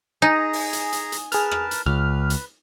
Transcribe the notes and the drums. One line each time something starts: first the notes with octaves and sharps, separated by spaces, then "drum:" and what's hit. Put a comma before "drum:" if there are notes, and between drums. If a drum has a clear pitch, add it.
D#4 G#4 G#5 A#5 D#6
drum: open hi-hat
drum: hi-hat
drum: hi-hat
drum: hi-hat
G#4 A#4 B4 A5 F6, drum: hi-hat
drum: rim click
drum: hi-hat
C#2 B4 F6
drum: hi-hat